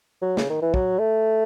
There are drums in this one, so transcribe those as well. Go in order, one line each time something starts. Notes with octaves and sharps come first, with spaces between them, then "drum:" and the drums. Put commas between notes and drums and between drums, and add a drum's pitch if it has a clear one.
F#3
C#3, drum: snare
D#3
E3
F#3, drum: kick
A3